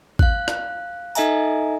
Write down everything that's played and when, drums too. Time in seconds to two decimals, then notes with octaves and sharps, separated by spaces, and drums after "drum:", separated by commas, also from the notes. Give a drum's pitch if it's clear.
0.19 F5 F#6, drum: kick
0.48 drum: rim click
1.15 D#4 A4 D#5 E5 G#5 A#5, drum: tambourine